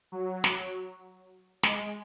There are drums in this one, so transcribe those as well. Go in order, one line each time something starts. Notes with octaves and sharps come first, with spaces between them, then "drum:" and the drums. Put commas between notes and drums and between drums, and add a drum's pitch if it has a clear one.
F#3
drum: snare
G#3, drum: snare